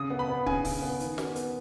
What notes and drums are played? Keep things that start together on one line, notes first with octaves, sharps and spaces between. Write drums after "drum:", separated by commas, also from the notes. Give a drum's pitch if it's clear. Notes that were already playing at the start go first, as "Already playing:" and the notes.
Already playing: C#3 D#6
B3
B5
B3
C#3 G#5, drum: kick
C#3, drum: kick, open hi-hat
B3
D#3, drum: hi-hat
B3, drum: snare
B3, drum: hi-hat